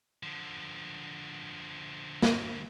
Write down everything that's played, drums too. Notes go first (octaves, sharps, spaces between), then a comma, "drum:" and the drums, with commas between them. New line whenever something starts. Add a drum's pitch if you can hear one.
D3 F3
drum: snare A#3